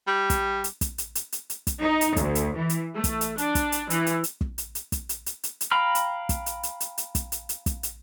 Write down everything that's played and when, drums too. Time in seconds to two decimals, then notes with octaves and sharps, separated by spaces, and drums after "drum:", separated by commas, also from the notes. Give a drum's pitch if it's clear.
0.07 G3
0.30 drum: kick, hi-hat
0.64 drum: hi-hat
0.81 drum: kick, hi-hat
0.98 drum: hi-hat
1.15 drum: hi-hat
1.32 drum: hi-hat
1.50 drum: hi-hat
1.67 drum: kick, hi-hat
1.80 D#4
2.01 drum: hi-hat
2.17 D2, drum: kick, hi-hat
2.35 drum: hi-hat
2.56 E3
2.69 drum: hi-hat
2.95 A3
3.04 drum: kick, hi-hat
3.21 drum: hi-hat
3.38 D4, drum: hi-hat
3.55 drum: kick, hi-hat
3.72 drum: hi-hat
3.90 E3, drum: hi-hat
4.06 drum: hi-hat
4.24 drum: hi-hat
4.41 drum: kick
4.58 drum: hi-hat
4.75 drum: hi-hat
4.92 drum: kick, hi-hat
5.09 drum: hi-hat
5.26 drum: hi-hat
5.43 drum: hi-hat
5.61 drum: hi-hat
5.71 F5 G5 A#5 B5 F6
5.95 drum: hi-hat
6.29 drum: kick, hi-hat
6.46 drum: hi-hat
6.63 drum: hi-hat
6.80 drum: hi-hat
6.98 drum: hi-hat
7.15 drum: kick, hi-hat
7.32 drum: hi-hat
7.49 drum: hi-hat
7.66 drum: kick, hi-hat
7.83 drum: hi-hat